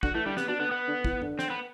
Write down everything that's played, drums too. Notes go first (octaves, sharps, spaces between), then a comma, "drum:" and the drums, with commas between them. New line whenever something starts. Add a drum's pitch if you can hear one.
D3 F#4, drum: kick
E3 A3
D3 G3
C3 B3, drum: snare
B2 D4
D3 B3
B3
D3
E3, drum: kick
D3, drum: tom F#2
C4, drum: snare
B3